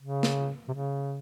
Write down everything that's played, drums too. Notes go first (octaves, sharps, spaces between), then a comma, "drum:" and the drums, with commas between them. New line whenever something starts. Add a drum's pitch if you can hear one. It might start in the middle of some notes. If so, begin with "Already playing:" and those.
C#3
drum: snare
C3
C#3